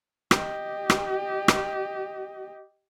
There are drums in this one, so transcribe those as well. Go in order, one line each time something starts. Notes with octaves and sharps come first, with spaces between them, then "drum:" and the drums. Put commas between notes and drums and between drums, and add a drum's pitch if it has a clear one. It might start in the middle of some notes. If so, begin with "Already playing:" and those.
G4 D#5, drum: rim click
drum: rim click
drum: rim click